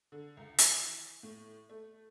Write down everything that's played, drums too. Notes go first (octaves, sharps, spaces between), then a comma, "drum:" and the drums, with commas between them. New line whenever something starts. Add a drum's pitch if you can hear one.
D3
C#2
E3, drum: hi-hat
A2
A3